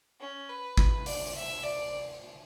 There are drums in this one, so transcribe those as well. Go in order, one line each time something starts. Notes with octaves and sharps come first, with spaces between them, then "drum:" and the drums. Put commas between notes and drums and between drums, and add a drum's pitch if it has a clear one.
C#4
B4
drum: kick G#1
D5, drum: open hi-hat
E5
D5